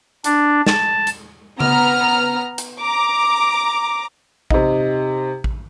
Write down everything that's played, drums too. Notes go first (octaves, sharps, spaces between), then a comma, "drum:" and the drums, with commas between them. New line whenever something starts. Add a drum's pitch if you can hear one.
D4, drum: hi-hat
A5, drum: snare
drum: hi-hat
B3 A#5 F6, drum: tom C#3
drum: hi-hat
A#5 D6
C3 D#4, drum: kick A1
drum: kick A1